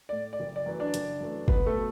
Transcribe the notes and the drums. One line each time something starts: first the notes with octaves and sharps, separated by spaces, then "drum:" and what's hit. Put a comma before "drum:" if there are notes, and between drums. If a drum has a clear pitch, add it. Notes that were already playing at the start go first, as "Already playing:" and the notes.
A2 A3 D5
D5
F#1
D5
F#2 E3 A3
D4 D5
F#1, drum: hi-hat
F#2 E3 A3
F#1 B3 B4, drum: kick
A3 A4
B2